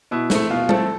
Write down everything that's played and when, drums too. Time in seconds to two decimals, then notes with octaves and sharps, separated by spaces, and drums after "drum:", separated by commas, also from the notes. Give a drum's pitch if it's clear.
0.11 B2 E4
0.30 C4, drum: snare
0.35 A3
0.50 B2 F4
0.69 A3 C4 A4, drum: tom G3